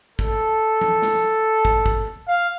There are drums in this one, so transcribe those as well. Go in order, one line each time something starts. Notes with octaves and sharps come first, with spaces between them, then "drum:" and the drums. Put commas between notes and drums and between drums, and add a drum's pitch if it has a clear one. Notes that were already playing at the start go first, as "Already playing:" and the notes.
A4, drum: kick
drum: tom F3
drum: snare
drum: kick
drum: kick
F5